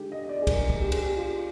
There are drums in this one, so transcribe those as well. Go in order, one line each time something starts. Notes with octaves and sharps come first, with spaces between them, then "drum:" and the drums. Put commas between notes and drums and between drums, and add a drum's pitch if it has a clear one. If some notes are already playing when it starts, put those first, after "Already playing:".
Already playing: D3 G#3 D#4 G4
D#5
D#5
D5
G#4
A#4, drum: kick, cymbal
drum: kick
G4
G#4, drum: cymbal
G4
F4